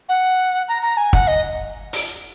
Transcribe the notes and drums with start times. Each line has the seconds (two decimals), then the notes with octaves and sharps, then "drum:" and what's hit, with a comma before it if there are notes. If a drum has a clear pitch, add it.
0.09 F#5
0.68 A#5
0.82 A#5
0.97 G#5
1.13 F#5, drum: kick
1.28 D#5
1.93 drum: open hi-hat